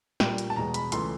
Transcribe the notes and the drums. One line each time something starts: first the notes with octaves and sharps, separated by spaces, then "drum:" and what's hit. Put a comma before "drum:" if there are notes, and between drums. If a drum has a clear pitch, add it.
A#2 G3 A#3 G5, drum: snare
drum: hi-hat
A5
E2 B2 G#3 A#5
B5, drum: hi-hat
C#2 C#3 E3 A3 C6, drum: hi-hat